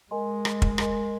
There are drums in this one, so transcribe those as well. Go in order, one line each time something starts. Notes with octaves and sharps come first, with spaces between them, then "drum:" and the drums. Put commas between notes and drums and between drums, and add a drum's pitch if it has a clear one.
G#3 A#4 D#5 G#5 C6
drum: rim click
drum: kick
A#4 D#5 G#5 C6, drum: rim click